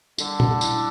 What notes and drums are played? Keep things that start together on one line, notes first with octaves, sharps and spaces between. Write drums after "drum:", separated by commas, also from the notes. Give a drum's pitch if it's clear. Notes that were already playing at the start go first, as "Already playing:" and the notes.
D3 G3, drum: tambourine
drum: tom A#2
E4, drum: tambourine